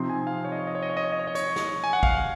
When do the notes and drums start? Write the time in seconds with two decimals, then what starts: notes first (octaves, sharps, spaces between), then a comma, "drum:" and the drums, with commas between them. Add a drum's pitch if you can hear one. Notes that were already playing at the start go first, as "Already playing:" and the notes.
Already playing: C3 F3 C4 D#4 C6
0.09 G#5
0.27 F5
0.45 C#5
0.52 D#5
0.59 C#5
0.67 D#5
0.75 C#5
0.83 D#5
0.90 C#5
0.97 D#5
1.05 C#5
1.12 D#5
1.19 C#5
1.27 D#5
1.35 C#5, drum: hi-hat
1.56 drum: snare
1.84 G#5
1.93 F#5
2.03 F5, drum: kick A1